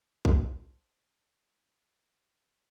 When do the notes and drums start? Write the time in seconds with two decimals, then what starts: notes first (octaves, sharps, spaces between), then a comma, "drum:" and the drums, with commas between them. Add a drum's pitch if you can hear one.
0.25 A4 C5, drum: kick